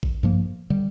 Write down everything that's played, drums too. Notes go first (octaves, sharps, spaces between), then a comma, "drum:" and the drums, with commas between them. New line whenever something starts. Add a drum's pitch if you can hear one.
drum: kick A1
G2 F3 A#3
D3 G3